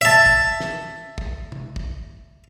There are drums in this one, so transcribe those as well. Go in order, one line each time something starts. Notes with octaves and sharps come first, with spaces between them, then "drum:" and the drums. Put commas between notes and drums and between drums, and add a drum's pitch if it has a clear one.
E5 A5
drum: kick
drum: snare
drum: kick
drum: tom
drum: kick